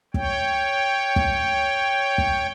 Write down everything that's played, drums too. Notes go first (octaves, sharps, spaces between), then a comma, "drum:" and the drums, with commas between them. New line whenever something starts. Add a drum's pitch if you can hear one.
C#5 G5, drum: kick
drum: kick
drum: kick